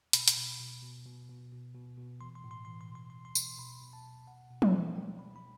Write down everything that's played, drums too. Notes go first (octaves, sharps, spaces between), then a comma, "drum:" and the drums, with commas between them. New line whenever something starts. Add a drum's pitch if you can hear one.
B2 B5, drum: hi-hat
drum: hi-hat
B2
B2
B2
B2
B2
B2
B2
B2
E3 C6
C6
A2
C6
E3 C6
C6
B2
C6
C6
B2
C6
B2, drum: tambourine
B2 B5
B2
A5
B2
B2 F#5
B2
drum: tom
B2
B2 G5
B2 B5
B5